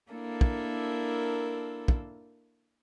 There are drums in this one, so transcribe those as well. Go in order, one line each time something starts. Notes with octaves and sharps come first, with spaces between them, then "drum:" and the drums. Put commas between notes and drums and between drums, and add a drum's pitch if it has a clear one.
A#3 D4 E4 A4 A#4
drum: kick
drum: kick